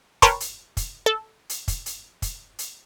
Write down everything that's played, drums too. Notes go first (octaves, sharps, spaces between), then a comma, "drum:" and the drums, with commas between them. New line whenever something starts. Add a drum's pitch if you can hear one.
A#4 B4 C#5 G5 A5 C6, drum: kick, hi-hat
drum: hi-hat
drum: kick, hi-hat
A4
drum: hi-hat
drum: kick, hi-hat
drum: hi-hat
drum: kick, hi-hat
drum: hi-hat